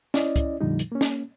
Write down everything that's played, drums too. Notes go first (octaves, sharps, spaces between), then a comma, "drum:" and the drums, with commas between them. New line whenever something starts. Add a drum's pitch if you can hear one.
C#4 E4 D5 D#5, drum: snare
drum: kick, hi-hat
F2 A#2 D3 F3 G3 D#4
drum: hi-hat
A#3 C#4
drum: snare